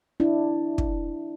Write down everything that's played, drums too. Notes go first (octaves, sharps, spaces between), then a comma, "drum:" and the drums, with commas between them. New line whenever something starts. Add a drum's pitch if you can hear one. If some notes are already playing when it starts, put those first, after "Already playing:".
D4 E4
drum: kick